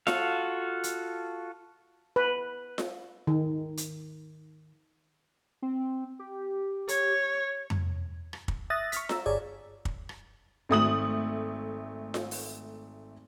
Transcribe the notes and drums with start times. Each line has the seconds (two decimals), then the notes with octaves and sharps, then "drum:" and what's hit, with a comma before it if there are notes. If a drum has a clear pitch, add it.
0.07 F4 F#4 A4 F5, drum: snare F4
0.84 drum: hi-hat
2.16 B4
2.78 drum: snare F4
3.27 D#3
3.77 drum: hi-hat
5.62 C4
6.19 G4
6.88 C#5, drum: hi-hat
7.70 drum: tom F2
8.33 drum: rim click
8.48 drum: kick
8.70 E5 D#6 F#6 A6 A#6
8.92 C#6 F6 B6, drum: hi-hat
9.09 A#5 E6, drum: snare F4
9.26 G1 G#4 C#5 D5 G#5
9.85 drum: kick
10.09 drum: rim click
10.69 G#1 A3 D#6 F#7
12.14 drum: snare F4
12.31 drum: open hi-hat